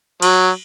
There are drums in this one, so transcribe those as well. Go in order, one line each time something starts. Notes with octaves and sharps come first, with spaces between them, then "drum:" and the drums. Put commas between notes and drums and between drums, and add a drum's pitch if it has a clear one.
F#3, drum: cymbal